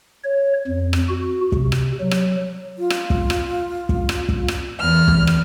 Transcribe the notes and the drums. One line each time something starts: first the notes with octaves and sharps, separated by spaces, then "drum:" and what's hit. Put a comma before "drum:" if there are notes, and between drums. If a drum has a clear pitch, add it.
C#5
F2
drum: rim click
F#4
C3, drum: kick
drum: rim click
F#3
drum: rim click
F4
drum: rim click
drum: kick
drum: rim click
drum: kick
drum: rim click
drum: kick
drum: rim click
E2 F6
drum: kick
drum: rim click